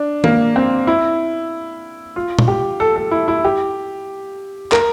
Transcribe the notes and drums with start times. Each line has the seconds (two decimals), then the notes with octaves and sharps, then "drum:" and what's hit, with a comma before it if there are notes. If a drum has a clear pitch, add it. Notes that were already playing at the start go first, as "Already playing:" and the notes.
Already playing: D4
0.24 A#3, drum: tom D#3
0.56 C4
0.87 E4
2.16 F4
2.39 drum: tom A#2
2.48 G4
2.80 A4
2.96 A4
3.11 E4
3.28 E4
3.45 G4
4.72 A#4, drum: clap